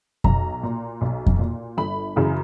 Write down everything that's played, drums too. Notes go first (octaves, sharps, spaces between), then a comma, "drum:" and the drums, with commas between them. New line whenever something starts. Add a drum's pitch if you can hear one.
B1 A#5, drum: kick F2
A#2
B1
drum: kick F2
A#2
G1 B5
F#2 C#3 E3